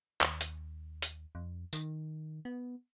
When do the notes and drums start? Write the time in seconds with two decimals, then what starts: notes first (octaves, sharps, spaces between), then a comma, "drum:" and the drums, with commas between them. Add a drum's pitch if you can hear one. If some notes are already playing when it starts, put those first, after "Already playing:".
0.21 D#2, drum: clap
0.41 drum: hi-hat
1.02 drum: hi-hat
1.35 F2
1.73 D#3, drum: tambourine
2.45 B3